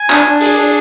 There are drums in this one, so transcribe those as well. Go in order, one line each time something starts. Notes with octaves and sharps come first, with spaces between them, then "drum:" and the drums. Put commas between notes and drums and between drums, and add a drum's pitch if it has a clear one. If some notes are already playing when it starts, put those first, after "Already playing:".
Already playing: G#5
D4, drum: clap
D4
G#4, drum: open hi-hat
D4